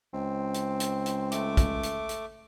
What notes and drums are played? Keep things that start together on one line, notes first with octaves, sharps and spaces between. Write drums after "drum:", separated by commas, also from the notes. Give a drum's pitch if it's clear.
C#2 C4
drum: hi-hat
drum: hi-hat
drum: hi-hat
A3 D6, drum: hi-hat
drum: kick, hi-hat
drum: hi-hat
drum: hi-hat